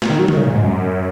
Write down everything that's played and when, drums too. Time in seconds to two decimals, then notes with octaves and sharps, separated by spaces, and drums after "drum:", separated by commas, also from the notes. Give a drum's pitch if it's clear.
0.02 A#2, drum: snare
0.10 D#3
0.19 F#3
0.28 D#3, drum: tom G3
0.37 C#3
0.46 A#2
0.54 G#2
0.64 F#2